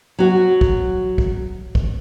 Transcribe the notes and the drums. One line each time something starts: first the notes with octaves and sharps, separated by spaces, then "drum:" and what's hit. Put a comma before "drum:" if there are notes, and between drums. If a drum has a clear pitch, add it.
F#3 F#4
drum: kick
drum: kick
drum: kick